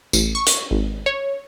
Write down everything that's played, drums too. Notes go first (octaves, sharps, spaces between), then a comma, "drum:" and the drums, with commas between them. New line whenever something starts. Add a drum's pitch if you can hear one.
A1, drum: tambourine
C#6
drum: hi-hat
G#1
C#5